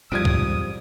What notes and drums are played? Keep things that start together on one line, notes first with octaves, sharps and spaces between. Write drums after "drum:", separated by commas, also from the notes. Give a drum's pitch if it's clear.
F2 G#2 F3 G3 D#6 G#6 D7
drum: kick C#2